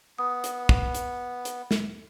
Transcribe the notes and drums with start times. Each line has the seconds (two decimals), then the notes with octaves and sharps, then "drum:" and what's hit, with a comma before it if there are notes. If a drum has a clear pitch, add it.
0.18 B3 D#6
0.44 drum: hi-hat
0.69 drum: kick
0.95 drum: hi-hat
1.45 drum: hi-hat
1.71 drum: snare